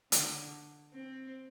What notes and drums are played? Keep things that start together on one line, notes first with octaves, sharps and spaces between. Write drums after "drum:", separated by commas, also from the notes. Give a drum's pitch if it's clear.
D3, drum: hi-hat
C4